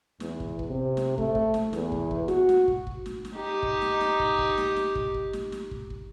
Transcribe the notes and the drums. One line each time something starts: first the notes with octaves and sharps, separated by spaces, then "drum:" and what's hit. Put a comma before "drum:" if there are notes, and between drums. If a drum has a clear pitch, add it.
E2, drum: snare
drum: kick
drum: kick
C3
drum: snare
A3, drum: kick
drum: kick
drum: snare
E2, drum: snare
drum: kick
drum: kick
F#4, drum: snare
drum: snare
drum: kick
drum: kick
drum: snare
drum: snare
D#4 G4
drum: kick
drum: snare
drum: snare
drum: kick
drum: kick
drum: snare
drum: snare
drum: kick
drum: kick
drum: snare
drum: snare
drum: kick
drum: kick